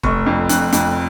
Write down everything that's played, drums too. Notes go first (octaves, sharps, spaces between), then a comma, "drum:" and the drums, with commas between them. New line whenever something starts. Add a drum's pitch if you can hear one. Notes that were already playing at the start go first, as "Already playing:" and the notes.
F1 C#6, drum: kick
F2
F2 F#6, drum: hi-hat
F2, drum: hi-hat